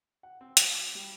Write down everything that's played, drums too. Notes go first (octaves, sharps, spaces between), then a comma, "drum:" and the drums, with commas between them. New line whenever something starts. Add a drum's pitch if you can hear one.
F#5
C4
F#3, drum: hi-hat
D6
G3